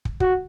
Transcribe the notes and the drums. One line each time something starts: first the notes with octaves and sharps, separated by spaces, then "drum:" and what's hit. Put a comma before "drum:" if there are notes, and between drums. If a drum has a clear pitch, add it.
drum: kick
F#4, drum: kick